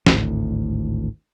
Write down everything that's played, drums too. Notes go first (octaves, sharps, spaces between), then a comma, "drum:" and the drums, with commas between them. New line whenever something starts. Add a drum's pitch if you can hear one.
G#1 D2 A2, drum: snare